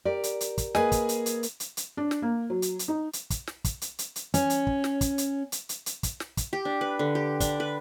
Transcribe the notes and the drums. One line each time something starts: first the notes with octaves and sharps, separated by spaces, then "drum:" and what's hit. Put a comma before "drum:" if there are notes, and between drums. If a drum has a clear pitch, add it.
G4 A#4 D5
drum: hi-hat
drum: hi-hat
drum: kick, hi-hat
A#3 G#4 B4 D#5 G#5, drum: snare
drum: kick, hi-hat
drum: hi-hat
drum: hi-hat
drum: hi-hat
drum: hi-hat
drum: hi-hat
D4
drum: snare
A#3
F#3
drum: hi-hat
drum: hi-hat
D#4
drum: hi-hat
drum: kick, hi-hat
drum: snare
drum: kick, hi-hat
drum: hi-hat
drum: hi-hat
drum: hi-hat
C#4, drum: hi-hat
drum: hi-hat
drum: kick
drum: snare
drum: kick, hi-hat
drum: hi-hat
drum: hi-hat
drum: hi-hat
drum: hi-hat
drum: kick, hi-hat
drum: snare
drum: kick, hi-hat
G4
D4
B4
D3
G4
D4, drum: kick, hi-hat
B4